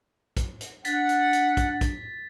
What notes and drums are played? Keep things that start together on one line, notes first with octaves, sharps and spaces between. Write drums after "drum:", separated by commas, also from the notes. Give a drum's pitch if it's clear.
drum: kick, hi-hat
drum: hi-hat
D4 F#5 A6 B6, drum: hi-hat
drum: hi-hat
drum: hi-hat
drum: kick, hi-hat
drum: kick, hi-hat